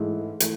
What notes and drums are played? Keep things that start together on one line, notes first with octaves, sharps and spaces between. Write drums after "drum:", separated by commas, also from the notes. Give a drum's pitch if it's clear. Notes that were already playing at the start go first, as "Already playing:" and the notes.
Already playing: G#2 E3 A3 E4 G#4
E3 A3, drum: hi-hat